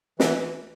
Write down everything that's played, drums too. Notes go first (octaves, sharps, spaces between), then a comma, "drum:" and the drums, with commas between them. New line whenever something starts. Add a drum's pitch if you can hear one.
E3, drum: snare